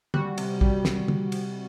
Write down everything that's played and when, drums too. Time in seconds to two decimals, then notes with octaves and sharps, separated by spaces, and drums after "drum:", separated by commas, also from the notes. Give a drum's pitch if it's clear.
0.14 G3 F#4, drum: tom
0.38 C3, drum: cymbal
0.61 G3, drum: kick
0.85 drum: snare
1.08 drum: tom
1.32 drum: cymbal